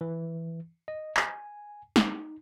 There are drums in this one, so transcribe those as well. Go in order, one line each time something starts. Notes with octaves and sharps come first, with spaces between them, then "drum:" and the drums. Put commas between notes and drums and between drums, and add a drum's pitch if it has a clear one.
E3
D#5
G#5, drum: clap
D#4, drum: snare